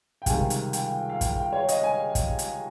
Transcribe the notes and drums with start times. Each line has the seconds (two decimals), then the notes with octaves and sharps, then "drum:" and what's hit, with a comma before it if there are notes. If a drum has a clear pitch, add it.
0.22 G5
0.26 C#2 C3 D#3 G3 G#5, drum: kick, hi-hat
0.50 drum: hi-hat
0.73 G5, drum: hi-hat
1.10 F5
1.21 G5, drum: kick, hi-hat
1.36 G5
1.53 C#5
1.69 D#5, drum: hi-hat
1.84 G#5
2.15 drum: kick, hi-hat
2.39 drum: hi-hat